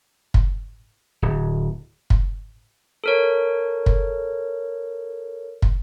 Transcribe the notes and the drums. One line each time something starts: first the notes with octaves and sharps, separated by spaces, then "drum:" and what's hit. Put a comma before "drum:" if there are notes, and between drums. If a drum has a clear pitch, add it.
drum: kick
D1
drum: kick
A4 A#4 C#5
drum: kick
drum: kick